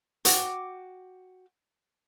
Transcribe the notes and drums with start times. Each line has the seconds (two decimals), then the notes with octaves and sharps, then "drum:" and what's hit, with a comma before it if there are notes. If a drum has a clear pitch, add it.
0.25 F#4 G5 D6, drum: hi-hat